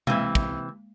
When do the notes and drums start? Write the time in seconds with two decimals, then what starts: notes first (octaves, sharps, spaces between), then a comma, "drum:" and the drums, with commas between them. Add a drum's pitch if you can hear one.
0.07 C3 E3 G#3 A#3, drum: tom B2
0.35 drum: kick